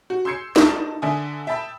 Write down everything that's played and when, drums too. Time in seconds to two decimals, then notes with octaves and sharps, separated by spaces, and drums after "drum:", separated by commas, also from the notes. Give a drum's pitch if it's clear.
0.10 F#4
0.25 C6 E6 G6 G#6 C7 C#7
0.56 D#5 A5, drum: snare
1.02 D3 D4 E5 G#5 D#6
1.47 E5 G5 A5 B5 E6